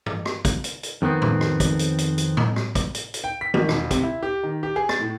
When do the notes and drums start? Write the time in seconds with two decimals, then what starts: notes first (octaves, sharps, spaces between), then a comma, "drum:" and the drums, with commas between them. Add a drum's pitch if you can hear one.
0.06 drum: tom G2
0.26 drum: rim click
0.45 drum: kick, hi-hat
0.64 drum: hi-hat
0.83 drum: hi-hat
1.02 F2 D#3 B3 C4
1.22 drum: tom A2
1.41 drum: rim click
1.60 drum: kick, hi-hat
1.79 drum: hi-hat
1.98 drum: hi-hat
2.18 drum: hi-hat
2.37 drum: tom A2
2.56 drum: rim click
2.75 drum: kick, hi-hat
2.95 drum: hi-hat
3.14 drum: hi-hat
3.24 G5
3.41 B6
3.54 G#1, drum: tom D#3
3.69 E1, drum: rim click
3.91 C3, drum: kick, hi-hat
4.03 E4
4.23 G4
4.43 D#3
4.63 G4
4.76 G#4
4.89 A6, drum: rim click
5.00 A2